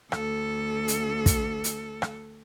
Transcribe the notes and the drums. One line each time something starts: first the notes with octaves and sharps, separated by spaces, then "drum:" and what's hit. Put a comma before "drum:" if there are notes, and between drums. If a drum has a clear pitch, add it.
D2 A4, drum: rim click
drum: hi-hat
drum: kick, hi-hat
drum: hi-hat
drum: rim click